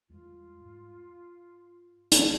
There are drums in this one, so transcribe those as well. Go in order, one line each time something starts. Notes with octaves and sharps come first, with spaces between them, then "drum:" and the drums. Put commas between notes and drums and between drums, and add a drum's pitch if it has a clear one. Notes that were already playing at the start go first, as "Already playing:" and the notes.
E2 G3 G#3 F4
G#2
drum: hi-hat